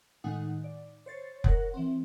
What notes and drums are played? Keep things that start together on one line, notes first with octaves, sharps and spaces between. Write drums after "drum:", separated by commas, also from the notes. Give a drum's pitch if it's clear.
A2 D#3 G#3 D#4 F#5
D5
C5 C#5 A6
A#4 C#5 F#5, drum: kick F1
E3 C4